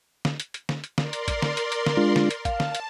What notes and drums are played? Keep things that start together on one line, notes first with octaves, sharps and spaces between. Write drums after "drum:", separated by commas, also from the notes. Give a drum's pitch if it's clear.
drum: snare D3
drum: hi-hat
drum: hi-hat
drum: snare D3
drum: hi-hat
A#4 D5 C6, drum: snare D3
drum: hi-hat
drum: kick, hi-hat
drum: snare D3
drum: hi-hat
drum: hi-hat
drum: snare D3
G#3 D4 F4
drum: snare D3
drum: hi-hat
F5 A5, drum: kick, hi-hat
drum: snare D3
drum: hi-hat